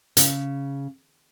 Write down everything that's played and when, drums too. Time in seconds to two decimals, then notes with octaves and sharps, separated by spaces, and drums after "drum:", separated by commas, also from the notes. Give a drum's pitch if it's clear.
0.17 C#3, drum: hi-hat